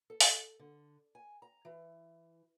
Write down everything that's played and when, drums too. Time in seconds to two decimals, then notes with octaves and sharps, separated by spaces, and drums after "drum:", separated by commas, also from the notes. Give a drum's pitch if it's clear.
0.10 A4
0.20 drum: open hi-hat
0.59 D3
1.15 G#5
1.42 A#5
1.65 E3